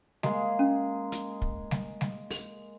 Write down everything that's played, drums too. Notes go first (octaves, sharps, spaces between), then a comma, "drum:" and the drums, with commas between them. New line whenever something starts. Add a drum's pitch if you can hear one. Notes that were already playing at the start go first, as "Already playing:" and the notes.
G#3 A#3 G#4, drum: snare G3
C#4
drum: hi-hat
drum: kick
drum: snare G3
drum: snare G3
drum: open hi-hat